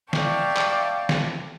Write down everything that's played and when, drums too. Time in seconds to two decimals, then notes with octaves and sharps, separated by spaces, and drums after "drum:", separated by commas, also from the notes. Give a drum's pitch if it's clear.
0.13 D5 E5 F5 G5 A5 C#6, drum: snare
0.57 drum: clap
1.09 drum: snare